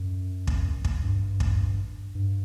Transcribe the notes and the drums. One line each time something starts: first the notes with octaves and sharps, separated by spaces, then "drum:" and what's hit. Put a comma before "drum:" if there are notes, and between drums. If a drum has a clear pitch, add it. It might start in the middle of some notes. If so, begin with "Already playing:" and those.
Already playing: F#2
drum: kick
drum: kick
G2
drum: kick
G2